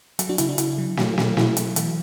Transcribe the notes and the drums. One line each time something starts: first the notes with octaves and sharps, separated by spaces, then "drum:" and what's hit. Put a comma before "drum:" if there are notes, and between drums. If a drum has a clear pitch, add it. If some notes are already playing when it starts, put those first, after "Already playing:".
F#3, drum: hi-hat
D4 F#4
C#3 E4, drum: hi-hat
D4
C#3 E4, drum: hi-hat
F#3
F#3, drum: snare
B2, drum: snare
B2 E4, drum: snare
F#3, drum: hi-hat
E3, drum: hi-hat